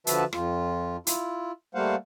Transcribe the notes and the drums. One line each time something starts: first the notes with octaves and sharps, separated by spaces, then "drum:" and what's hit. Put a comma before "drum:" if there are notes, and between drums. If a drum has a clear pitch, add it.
D3 F3 F#4 B4 E5 A5, drum: hi-hat
F2 F4, drum: rim click
E4 F4, drum: hi-hat
G3 A3 A#3 C5 F5 F#5